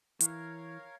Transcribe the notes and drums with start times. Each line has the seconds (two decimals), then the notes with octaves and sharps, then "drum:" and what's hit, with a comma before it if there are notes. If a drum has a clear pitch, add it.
0.20 E3 A#4 C#5 F5, drum: hi-hat